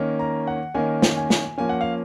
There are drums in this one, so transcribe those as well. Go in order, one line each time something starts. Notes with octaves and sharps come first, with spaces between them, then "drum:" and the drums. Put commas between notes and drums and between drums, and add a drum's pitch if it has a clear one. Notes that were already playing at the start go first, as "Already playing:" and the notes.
Already playing: D#3 A#3 C#4
A#5
F#5
D#3 A#3 C#4 G#5
drum: snare
G#5
drum: snare
F3 A#3 C#4 G#5
F#5
F5